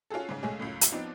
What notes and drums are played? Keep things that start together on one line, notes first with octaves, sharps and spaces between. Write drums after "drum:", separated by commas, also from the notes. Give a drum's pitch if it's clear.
C#4 F4 F#4 G#4 A4
G#2 C#3 C#4
B1 G#3 A3 C#4 G#4
C#2 F#2 A2
drum: hi-hat
F3 B3 C4 D4 D#4